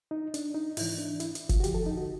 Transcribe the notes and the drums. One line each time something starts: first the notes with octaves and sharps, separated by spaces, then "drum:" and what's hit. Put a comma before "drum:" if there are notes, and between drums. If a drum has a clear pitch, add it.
D#4
D4, drum: hi-hat
D#4
G#2 E3 E4, drum: open hi-hat
D4
E4, drum: hi-hat
drum: hi-hat
F4, drum: kick F#1, hi-hat
F#4
F2 D3 F3 G4, drum: hi-hat
A4
D#4
F#4